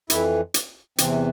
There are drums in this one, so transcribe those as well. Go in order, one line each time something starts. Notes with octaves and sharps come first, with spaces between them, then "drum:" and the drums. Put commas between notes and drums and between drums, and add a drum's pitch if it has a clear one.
F2 E3 E4, drum: hi-hat
drum: hi-hat
E2 C3 E3 C4, drum: hi-hat